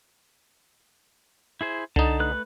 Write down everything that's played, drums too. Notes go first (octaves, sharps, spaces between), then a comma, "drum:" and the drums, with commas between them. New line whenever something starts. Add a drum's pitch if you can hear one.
E4 G#4 C5
D3 D#4 A5, drum: tom C2
A3 B4 F#6